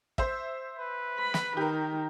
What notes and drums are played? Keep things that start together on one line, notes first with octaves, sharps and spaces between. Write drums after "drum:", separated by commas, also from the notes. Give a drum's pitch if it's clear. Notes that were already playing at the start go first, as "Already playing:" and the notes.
C5 E5, drum: kick
B4
B5
drum: snare
D#3 G4 A#4